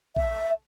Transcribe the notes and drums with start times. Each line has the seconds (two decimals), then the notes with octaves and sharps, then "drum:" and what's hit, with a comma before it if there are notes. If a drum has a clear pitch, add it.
0.16 E5, drum: kick A#1